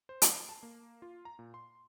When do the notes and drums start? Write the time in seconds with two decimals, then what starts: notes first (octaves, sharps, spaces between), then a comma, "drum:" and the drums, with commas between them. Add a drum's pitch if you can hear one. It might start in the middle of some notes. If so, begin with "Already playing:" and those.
0.09 C5
0.22 C7, drum: hi-hat
0.49 A5
0.63 A#3
1.02 F4
1.25 A#5
1.39 A#2
1.54 C6